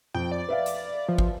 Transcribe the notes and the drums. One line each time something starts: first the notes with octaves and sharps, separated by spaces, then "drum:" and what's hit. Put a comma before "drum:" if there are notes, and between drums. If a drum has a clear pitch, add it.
F2 G5
D5
B4 E5 F5
drum: hi-hat
F3
drum: kick